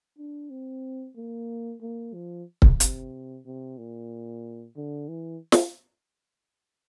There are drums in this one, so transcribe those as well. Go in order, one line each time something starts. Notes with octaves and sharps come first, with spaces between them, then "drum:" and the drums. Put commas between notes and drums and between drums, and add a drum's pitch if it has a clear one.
D4
C4
A#3
A#3
F3
drum: kick C#1
C3, drum: hi-hat
C3
A#2
D3
E3
drum: snare